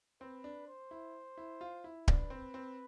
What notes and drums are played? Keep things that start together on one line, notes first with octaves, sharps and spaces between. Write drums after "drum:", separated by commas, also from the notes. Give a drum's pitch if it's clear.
C4 B4
D4
C5
E4
E4
F4
E4
D4 B4, drum: kick D1
C4
C4